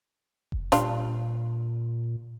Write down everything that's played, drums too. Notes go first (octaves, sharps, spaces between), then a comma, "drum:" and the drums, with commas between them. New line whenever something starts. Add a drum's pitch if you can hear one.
drum: kick F1
A#2 G3 D4 F4, drum: hi-hat